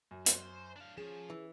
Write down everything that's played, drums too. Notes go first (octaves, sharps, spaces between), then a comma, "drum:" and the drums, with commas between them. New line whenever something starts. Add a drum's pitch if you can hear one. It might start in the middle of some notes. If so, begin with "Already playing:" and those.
F#2
C5, drum: hi-hat
D4 F5
F3 C#4 G#4 E7
E3